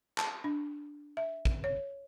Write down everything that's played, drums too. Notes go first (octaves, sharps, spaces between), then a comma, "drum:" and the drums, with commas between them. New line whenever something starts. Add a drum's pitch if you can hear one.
A5, drum: clap
D4
E5
drum: kick
C#5